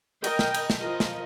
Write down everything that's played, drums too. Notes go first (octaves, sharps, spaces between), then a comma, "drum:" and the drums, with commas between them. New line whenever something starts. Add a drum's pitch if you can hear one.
A#4 D#5 G5, drum: cymbal
drum: snare
drum: cymbal
drum: snare
F3 F4 A#4 D#5
drum: snare